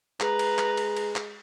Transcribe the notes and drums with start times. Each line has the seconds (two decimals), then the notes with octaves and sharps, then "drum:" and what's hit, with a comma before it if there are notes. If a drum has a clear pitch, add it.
0.20 G#3 B4 A#5, drum: clap
0.39 drum: cymbal
0.58 drum: clap
0.77 drum: cymbal
0.97 drum: cymbal
1.16 drum: clap